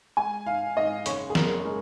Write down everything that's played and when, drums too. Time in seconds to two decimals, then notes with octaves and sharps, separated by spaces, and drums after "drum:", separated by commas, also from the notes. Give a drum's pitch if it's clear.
0.17 G#3 G#5
0.46 G#2 F5
0.77 G#2 D#5
1.06 F#1 C#5, drum: hi-hat
1.30 G#4
1.35 F#1 A#4, drum: snare
1.65 G#3 A#4